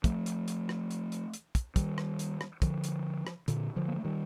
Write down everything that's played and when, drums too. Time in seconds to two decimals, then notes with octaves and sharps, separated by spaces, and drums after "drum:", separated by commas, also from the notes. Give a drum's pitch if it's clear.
0.04 F3 A3, drum: kick, hi-hat
0.26 drum: hi-hat
0.48 drum: hi-hat
0.69 drum: rim click
0.91 drum: hi-hat
1.12 drum: hi-hat
1.33 drum: hi-hat
1.55 drum: kick, hi-hat
1.76 D#3 G3, drum: kick, hi-hat
1.98 drum: rim click
2.19 drum: hi-hat
2.41 drum: rim click
2.62 D3 F3, drum: kick, hi-hat
2.84 drum: hi-hat
3.27 drum: rim click
3.48 A#2 D3, drum: hi-hat
3.76 D3 F3
3.88 A#3
3.96 A3
4.05 D#3 G3